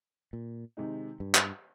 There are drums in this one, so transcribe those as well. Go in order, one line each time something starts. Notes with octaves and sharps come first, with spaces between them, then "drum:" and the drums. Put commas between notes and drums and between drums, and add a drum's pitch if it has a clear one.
A#2
C3 D#3 G#3 D#4
G2
drum: clap